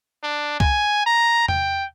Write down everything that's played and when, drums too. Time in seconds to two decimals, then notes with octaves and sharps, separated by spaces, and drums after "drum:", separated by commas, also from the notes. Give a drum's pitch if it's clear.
0.23 D4
0.60 G#5, drum: kick
1.06 A#5
1.48 G5, drum: tom E2